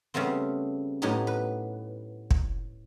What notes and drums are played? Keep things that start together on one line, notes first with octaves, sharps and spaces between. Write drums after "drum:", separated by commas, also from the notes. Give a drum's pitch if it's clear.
C#3 G3 A3 B3 C4
A2 F#3 B3 D#4 G4
B4
drum: kick